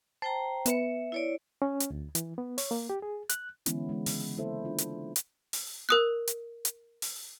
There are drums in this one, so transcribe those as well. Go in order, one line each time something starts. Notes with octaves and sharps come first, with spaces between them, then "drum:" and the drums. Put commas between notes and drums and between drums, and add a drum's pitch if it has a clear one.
C5 G5 A5 A#5
B3 B4 E5 C#7, drum: hi-hat
E4 C#5 D5
C#4
drum: hi-hat
D2
E3, drum: hi-hat
B3
C#5, drum: open hi-hat
A#3
G4
G#4
F#6, drum: hi-hat
D3 E3 G#3 B3 C#4 E4, drum: hi-hat
G#3 E4
C#3, drum: open hi-hat
A#3 B3 E4 A4 C5 E5
D4 F4
drum: hi-hat
drum: hi-hat
drum: open hi-hat
A#4 D#6 F#6
drum: hi-hat
drum: hi-hat
drum: open hi-hat